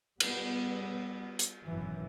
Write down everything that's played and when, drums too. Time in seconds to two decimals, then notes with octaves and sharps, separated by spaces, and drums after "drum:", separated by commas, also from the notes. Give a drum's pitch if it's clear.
0.20 G3 B3, drum: cymbal
1.39 drum: hi-hat
1.66 G#1 F#2 B2 E3